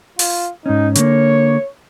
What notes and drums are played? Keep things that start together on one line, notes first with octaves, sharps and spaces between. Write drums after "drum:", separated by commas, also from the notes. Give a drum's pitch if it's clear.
F4, drum: open hi-hat
G#2 C#4 D#4
D3 A#3 C#5, drum: hi-hat